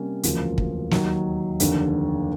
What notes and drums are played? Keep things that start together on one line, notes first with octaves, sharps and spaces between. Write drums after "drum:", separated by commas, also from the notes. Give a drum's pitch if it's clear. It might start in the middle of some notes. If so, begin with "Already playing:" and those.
Already playing: C3 G3 A#3 C#4
E1 D2 C#3 F3 A#3, drum: hi-hat
drum: kick
D#2 D#3 F#3, drum: snare
F1 D#2 D3, drum: hi-hat